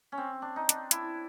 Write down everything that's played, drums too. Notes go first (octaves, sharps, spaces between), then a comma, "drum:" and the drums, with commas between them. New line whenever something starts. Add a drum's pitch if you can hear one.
C#4
C4
D4
D#4
D4, drum: hi-hat
E4, drum: hi-hat